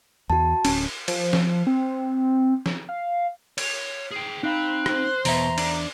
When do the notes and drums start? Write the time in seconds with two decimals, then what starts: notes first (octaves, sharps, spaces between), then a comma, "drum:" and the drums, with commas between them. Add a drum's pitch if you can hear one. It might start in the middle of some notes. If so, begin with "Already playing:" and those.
0.30 E2 F#4 A5
0.65 D1 C#4, drum: cymbal
1.08 F3, drum: cymbal
1.33 drum: snare
1.67 C4
2.66 drum: snare
2.89 F5
3.58 C#5, drum: cymbal
4.11 G#4 G5
4.43 C4 D#4 F5 A#5 B5 F#6
4.86 C5 C6, drum: rim click
5.25 E2 B2 E5 A#5, drum: open hi-hat
5.58 D4, drum: cymbal